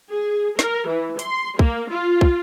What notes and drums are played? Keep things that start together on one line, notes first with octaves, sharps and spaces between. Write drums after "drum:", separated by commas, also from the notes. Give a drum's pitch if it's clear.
G#4
A#4, drum: snare
E3
C6, drum: hi-hat
A#3, drum: kick
F4
drum: kick